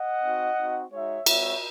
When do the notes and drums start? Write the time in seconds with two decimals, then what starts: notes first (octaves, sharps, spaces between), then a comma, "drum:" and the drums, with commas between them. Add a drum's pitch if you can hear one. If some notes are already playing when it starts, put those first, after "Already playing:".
Already playing: D#5 F#5
0.23 C4 D#4 F#4
0.58 C4 D#4 F#4
0.92 G#3 D#4 F#4 C#5 E5
1.26 G#3 C4 F#4 C#5 E5, drum: cymbal